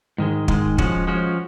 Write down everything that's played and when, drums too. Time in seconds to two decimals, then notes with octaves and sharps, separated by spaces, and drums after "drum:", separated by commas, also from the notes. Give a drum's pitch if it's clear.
0.18 G#2 D#3 G#3
0.48 G#2 D#3 G#3, drum: kick
0.78 F3 G#3 C#4 F#4, drum: kick
1.07 F3 G#3 C#4 F#4